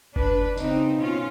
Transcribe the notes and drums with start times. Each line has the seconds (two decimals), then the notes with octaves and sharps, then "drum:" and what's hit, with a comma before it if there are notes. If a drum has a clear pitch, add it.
0.16 D4 B4, drum: kick F#1
0.57 C#3 C4 D#4, drum: tambourine
0.97 B2 C#4 F4